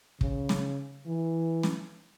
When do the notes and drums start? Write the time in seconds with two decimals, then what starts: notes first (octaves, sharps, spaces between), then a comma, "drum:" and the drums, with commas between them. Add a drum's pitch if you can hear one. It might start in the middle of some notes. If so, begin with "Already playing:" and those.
0.21 C#3, drum: kick
0.49 drum: snare
1.07 E3
1.63 drum: snare